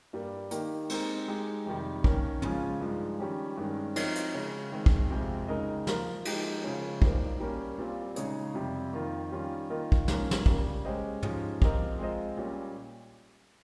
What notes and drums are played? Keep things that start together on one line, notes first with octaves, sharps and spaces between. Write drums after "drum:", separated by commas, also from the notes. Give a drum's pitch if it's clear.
G2 G3 A#3
D#3 A#3 D#4 G4, drum: hi-hat
G#3 C4 D#4 G4 A#4, drum: cymbal
G#3 D#4 G4
F2 C3 D#3 G3
D#3 A#3 C#4, drum: kick
C#3 F3 G#3 C#4 F4, drum: tom
G2 F3 G#3 D#4
D#3 G3 C#4 G4
G2 D#3 G#3 C#4
F3 C4 D#4 A#4 C#5, drum: cymbal
drum: hi-hat
C#3 G#3 C#4
D#3 G#3 C4
drum: kick
F2 C3 F3 G#3 C4
C#3 G#3 D#4 A#4 D#5
F3 A#3 F4 A#4, drum: snare
F3 G#3 D#4 G4, drum: cymbal
C#3 F3 G#3 C#4
G3 A#3 D#4 G4 C5, drum: kick
G3 A#3 C#4
A#2 G3 C4 F4
C#3 G#3 D#4 G#4 C#5, drum: hi-hat
F2 C3 G3
F2 D#3 A#3 F4
D#3 G3 C#4 F4
D#3 A#3 F4 A#4 D#5
drum: kick
G#2 F3 A#3 C#4, drum: snare
drum: snare
C#3 G3 A#3, drum: kick
G#3 C#4 G4 C5 D#5
G#2 F3 G#3 C#4 G4, drum: tom
F3 C4 G4 A#4 D#5, drum: kick
G#3 C4 F4 C5 D#5
A#2 G3 C#4